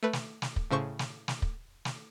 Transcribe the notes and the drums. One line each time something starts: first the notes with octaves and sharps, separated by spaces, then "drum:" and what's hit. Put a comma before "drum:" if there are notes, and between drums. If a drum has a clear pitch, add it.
A3 B4
drum: snare
drum: snare
drum: kick
A2 C#3 C5 C#6
drum: snare
drum: snare
drum: kick
drum: snare